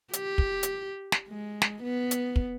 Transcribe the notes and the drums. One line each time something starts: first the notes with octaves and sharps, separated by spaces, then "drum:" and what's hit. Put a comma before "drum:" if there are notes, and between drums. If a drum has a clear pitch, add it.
G4, drum: hi-hat
drum: kick
drum: hi-hat
drum: snare
G#3
drum: snare
B3
drum: hi-hat
drum: kick